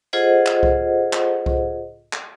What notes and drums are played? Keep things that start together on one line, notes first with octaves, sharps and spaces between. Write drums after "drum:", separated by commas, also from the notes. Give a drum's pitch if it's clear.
F4 G#4 A4 C5 D#5 F#5
drum: clap
drum: kick C2
drum: clap
drum: kick C2
drum: clap